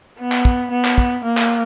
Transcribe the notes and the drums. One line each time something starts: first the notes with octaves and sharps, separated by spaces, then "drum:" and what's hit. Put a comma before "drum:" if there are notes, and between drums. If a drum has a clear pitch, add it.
B3
drum: clap
drum: kick
B3
drum: clap
drum: kick
A#3
drum: clap